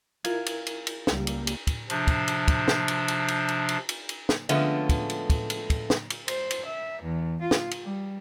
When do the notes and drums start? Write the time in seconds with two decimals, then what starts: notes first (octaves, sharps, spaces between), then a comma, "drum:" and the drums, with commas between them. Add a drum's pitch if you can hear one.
0.24 E4 F4 A#4 G#6, drum: cymbal
0.46 drum: cymbal
0.66 drum: cymbal
0.87 drum: cymbal
1.07 C#2 G3 A#3, drum: snare
1.27 drum: cymbal
1.47 drum: cymbal
1.67 drum: kick, cymbal
1.90 C3 F3 D4, drum: cymbal
2.07 drum: kick, cymbal
2.28 drum: cymbal
2.48 drum: kick, cymbal
2.68 drum: snare
2.88 drum: cymbal
3.08 drum: cymbal
3.28 drum: cymbal
3.48 drum: cymbal
3.69 drum: cymbal
3.89 drum: cymbal
4.09 drum: cymbal
4.29 drum: snare
4.49 D3 F3 G#3 A3 B3 C#4, drum: cymbal
4.89 drum: kick, cymbal
5.10 drum: cymbal
5.30 drum: kick, cymbal
5.50 drum: cymbal
5.70 drum: kick, cymbal
5.90 drum: snare
6.10 drum: cymbal
6.28 C5, drum: cymbal
6.50 drum: cymbal
6.66 E5
7.02 E2
7.41 F4
7.51 drum: snare
7.71 drum: cymbal
7.83 G3